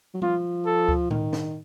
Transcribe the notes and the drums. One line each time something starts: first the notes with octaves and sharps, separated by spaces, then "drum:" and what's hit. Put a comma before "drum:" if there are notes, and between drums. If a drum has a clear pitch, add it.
F#3
F3 F4, drum: tom G3
A4
drum: kick C#2
D#3, drum: tom A2
drum: snare